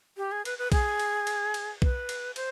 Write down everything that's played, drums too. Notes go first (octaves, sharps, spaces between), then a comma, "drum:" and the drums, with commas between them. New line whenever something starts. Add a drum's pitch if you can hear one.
G4
G#4
B4, drum: cymbal
B4
G#4, drum: kick B1, cymbal
drum: cymbal
drum: cymbal
drum: cymbal
B4, drum: kick B1
drum: cymbal
C5, drum: cymbal